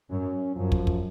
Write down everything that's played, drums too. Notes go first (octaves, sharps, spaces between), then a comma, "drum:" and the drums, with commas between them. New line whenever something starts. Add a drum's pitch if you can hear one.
F#2 C#4
F#2 F3
drum: kick
drum: kick